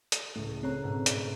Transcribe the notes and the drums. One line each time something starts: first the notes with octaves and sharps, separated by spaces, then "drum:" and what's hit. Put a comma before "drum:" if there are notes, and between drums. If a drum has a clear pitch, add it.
drum: hi-hat
C#2 A2 A3
C4 C#5 A#5 F#6 C7
G#2 B2 A3
drum: hi-hat